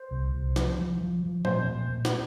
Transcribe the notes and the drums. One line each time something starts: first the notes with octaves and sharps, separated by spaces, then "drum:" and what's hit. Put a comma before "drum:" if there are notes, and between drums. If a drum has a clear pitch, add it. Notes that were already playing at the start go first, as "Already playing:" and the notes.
Already playing: C5
C2
C2
F3, drum: snare
F3
F3
F3
A#2 C5, drum: tom F3
A#2
A#2
drum: snare